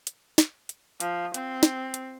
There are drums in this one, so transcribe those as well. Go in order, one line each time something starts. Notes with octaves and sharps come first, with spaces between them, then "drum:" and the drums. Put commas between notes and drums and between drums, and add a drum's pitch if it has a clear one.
drum: hi-hat
drum: snare
drum: hi-hat
F3, drum: hi-hat
C4, drum: hi-hat
drum: snare
drum: hi-hat